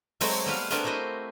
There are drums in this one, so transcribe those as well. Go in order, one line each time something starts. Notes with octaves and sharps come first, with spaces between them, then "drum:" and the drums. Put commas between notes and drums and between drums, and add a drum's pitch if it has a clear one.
F#3 G#3 A3 C4 F#4, drum: open hi-hat
G3 B3 B4 F5
A3 B3 C4 D4 G#4 A#4, drum: hi-hat
E4 F#4 G4 C5 D#5